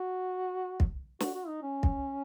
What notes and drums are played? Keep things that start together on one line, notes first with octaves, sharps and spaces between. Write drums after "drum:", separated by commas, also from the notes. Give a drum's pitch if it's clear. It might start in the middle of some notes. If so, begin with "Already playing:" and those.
Already playing: F#4
drum: kick
F#4, drum: snare
F#4
D#4
C#4
drum: kick